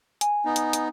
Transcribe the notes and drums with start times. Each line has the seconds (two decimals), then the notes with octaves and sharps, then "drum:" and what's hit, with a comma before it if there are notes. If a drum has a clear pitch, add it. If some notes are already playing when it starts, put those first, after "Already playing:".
0.21 G#5, drum: hi-hat
0.45 B3 D#4
0.56 drum: hi-hat
0.73 drum: hi-hat